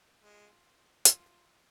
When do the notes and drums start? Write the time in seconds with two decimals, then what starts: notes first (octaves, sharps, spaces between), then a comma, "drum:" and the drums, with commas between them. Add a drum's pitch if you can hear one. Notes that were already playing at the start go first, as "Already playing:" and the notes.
0.23 G#3 F4
1.05 F4, drum: hi-hat